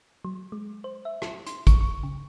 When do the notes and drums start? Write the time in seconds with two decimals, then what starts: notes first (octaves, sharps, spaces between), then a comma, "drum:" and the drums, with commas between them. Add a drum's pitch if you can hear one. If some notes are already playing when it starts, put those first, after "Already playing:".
0.25 F#3
0.52 G#3
0.84 C5
1.05 E5
1.22 drum: rim click
1.47 C6, drum: hi-hat
1.67 C#6, drum: kick, hi-hat
1.81 C#6
2.03 C#3